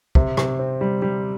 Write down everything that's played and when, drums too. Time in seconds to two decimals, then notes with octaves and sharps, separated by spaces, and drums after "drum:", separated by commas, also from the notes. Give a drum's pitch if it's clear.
0.15 C3, drum: kick
0.37 C3, drum: rim click
0.59 C4
0.81 G3
1.02 G3